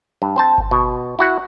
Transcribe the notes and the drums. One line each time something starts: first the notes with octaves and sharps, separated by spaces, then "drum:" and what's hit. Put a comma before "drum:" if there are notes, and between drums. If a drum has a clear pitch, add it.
G2
C4 C5 A5
drum: kick G1
B2
E4 F#4 F#5